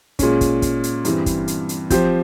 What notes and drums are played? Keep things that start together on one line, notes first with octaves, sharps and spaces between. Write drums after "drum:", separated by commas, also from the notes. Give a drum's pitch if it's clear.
A#2 G#3 C#4, drum: kick, hi-hat
drum: kick, hi-hat
drum: kick, hi-hat
drum: hi-hat
G2 E3 G3 C4, drum: hi-hat
drum: kick, hi-hat
drum: hi-hat
drum: hi-hat
F3 C4 G4 C5, drum: kick, hi-hat